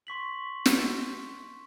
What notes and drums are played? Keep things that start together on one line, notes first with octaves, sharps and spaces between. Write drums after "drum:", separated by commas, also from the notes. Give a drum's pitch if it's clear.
C6 C#6 B6 F#7
drum: snare